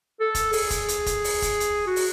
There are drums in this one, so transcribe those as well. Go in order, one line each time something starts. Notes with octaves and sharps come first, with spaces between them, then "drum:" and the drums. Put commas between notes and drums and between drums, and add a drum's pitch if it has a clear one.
A4
drum: kick F1, hi-hat
G#4, drum: open hi-hat
drum: kick F1, hi-hat
drum: hi-hat
drum: kick F1, hi-hat
drum: open hi-hat
drum: kick F1, hi-hat
drum: hi-hat
F#4
drum: open hi-hat